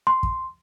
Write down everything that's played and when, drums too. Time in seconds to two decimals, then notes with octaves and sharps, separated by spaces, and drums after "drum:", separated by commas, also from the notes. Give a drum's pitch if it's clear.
0.07 C6
0.23 drum: kick